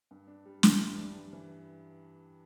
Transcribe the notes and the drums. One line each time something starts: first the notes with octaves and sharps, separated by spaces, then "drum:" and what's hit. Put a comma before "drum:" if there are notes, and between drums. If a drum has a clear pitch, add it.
G2
D4
G3
E3, drum: snare
G2
D4
G3
E3